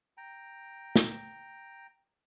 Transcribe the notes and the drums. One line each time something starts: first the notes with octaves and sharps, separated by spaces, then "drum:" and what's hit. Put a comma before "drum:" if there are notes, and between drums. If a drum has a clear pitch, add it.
G5 A#5
drum: snare